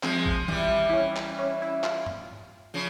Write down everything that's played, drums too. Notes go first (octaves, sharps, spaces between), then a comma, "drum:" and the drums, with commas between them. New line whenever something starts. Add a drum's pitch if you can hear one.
F3 G#3 C4, drum: clap
drum: kick A1
E3 G3, drum: tom D#3
E4
C#4
drum: clap
C#4
E4
F4, drum: clap
drum: tom G2
C#3 F3